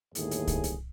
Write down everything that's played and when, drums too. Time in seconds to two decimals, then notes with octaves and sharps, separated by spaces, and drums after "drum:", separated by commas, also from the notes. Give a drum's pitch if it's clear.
0.15 G1 D#2 A2 G#4, drum: hi-hat
0.31 drum: hi-hat
0.47 drum: kick C2, hi-hat
0.64 drum: hi-hat